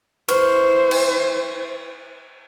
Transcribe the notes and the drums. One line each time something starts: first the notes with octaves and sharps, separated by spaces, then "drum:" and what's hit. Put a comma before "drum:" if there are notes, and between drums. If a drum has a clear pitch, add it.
E4 B4 C5 C#6 F6, drum: cymbal
drum: cymbal